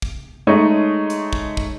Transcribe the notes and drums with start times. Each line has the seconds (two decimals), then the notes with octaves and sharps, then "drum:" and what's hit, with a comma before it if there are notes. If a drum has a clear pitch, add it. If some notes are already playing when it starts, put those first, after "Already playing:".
0.02 drum: kick
0.47 G#3 A3 D#4 C#5 D#5
1.10 drum: hi-hat
1.33 drum: kick
1.57 drum: kick